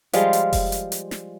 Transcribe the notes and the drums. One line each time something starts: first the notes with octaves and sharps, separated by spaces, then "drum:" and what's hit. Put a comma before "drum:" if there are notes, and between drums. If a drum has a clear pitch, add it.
F3 G3 G#3 F4, drum: hi-hat
drum: hi-hat
drum: kick F1, open hi-hat
drum: hi-hat
drum: hi-hat
drum: snare